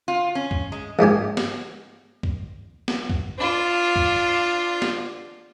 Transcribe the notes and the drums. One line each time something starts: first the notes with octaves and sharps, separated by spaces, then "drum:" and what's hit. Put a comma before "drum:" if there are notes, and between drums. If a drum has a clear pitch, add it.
F4
C#4
drum: kick
G#3
A#1 G#2 G4 G#5
drum: snare
drum: kick
drum: snare
drum: kick
D4 F4
drum: kick
drum: snare